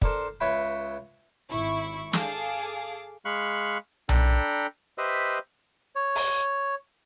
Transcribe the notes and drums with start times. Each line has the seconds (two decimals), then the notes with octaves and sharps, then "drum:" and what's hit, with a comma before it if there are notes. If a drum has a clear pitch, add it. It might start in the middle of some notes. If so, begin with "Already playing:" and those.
0.02 D4 A4 A#4 C5, drum: kick
0.40 C#2 B4 C#5 E5 G5 B5
1.50 G#1 E4 C#6
2.13 G#4 A4 F5 D6, drum: snare
3.25 G#3 F5 B5 C#6 F#6
4.09 D4 A4 G5 A#5 B5, drum: tom B1
4.98 G4 B4 C5 D#5 E5
5.96 C#5
6.15 drum: open hi-hat